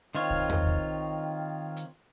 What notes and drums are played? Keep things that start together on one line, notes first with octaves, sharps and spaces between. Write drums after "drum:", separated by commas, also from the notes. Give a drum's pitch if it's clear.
D#3 C4 F4 C#5
drum: kick B1
drum: tom E2
drum: kick B1
drum: hi-hat